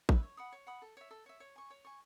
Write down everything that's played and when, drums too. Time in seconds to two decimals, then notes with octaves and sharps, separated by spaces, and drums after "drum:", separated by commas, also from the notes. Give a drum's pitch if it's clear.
0.09 B4 E5, drum: kick A1
0.23 C#5
0.37 F#5 B5 D#6
0.52 C#5
0.67 F#5 B5 D#6
0.82 A4
0.97 C#5 E5
1.11 A4
1.26 C#5 E5
1.40 C#5
1.56 G#5 C#6
1.70 C#5
1.85 G#5 C#6